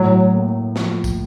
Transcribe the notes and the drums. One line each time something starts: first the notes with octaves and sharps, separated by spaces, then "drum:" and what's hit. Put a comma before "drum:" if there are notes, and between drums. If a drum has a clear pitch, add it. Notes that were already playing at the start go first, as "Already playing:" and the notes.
Already playing: A2 F#3
A#3
F3, drum: snare
drum: kick, tambourine